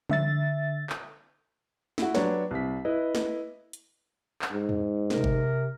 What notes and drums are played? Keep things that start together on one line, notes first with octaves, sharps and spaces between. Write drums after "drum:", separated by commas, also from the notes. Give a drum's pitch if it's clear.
D3 E5 A6, drum: tom
drum: clap
E4 F#4, drum: snare
F#3 D4 G4 B4 C#5, drum: snare
C2 B6
E4 B4 D#5
drum: snare
drum: hi-hat
drum: clap
G#2
drum: tom E2
C3 A#4, drum: snare
drum: kick G1